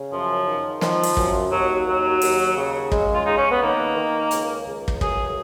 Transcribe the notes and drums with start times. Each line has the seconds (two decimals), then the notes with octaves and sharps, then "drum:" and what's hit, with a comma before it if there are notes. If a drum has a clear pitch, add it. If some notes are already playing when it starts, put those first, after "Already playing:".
Already playing: C#3
0.11 F#2 F3
0.46 D#3
0.81 D#3 F3, drum: snare
1.03 drum: open hi-hat
1.17 F#2, drum: kick
1.51 D#2 F#3
1.86 D#2 F#3
2.22 D#2, drum: open hi-hat
2.56 C#3
2.92 C#3 G#3, drum: kick
3.13 F4
3.25 C#3 D#4
3.37 C#4
3.50 B3
3.62 D#3 A#3
3.96 D#3
4.31 C#2, drum: hi-hat
4.66 C#2
4.88 drum: kick
5.01 F#2 G#4, drum: kick